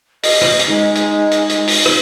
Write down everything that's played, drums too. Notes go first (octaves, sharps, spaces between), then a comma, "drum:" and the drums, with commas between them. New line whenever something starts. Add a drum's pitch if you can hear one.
D#5, drum: open hi-hat
drum: rim click
drum: hi-hat
G#3 D#4
drum: hi-hat
drum: hi-hat
drum: hi-hat
drum: open hi-hat
drum: rim click